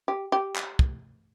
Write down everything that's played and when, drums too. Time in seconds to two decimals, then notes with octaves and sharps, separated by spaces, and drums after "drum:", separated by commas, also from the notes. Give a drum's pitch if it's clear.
0.08 G4
0.32 G4
0.56 drum: clap
0.79 drum: kick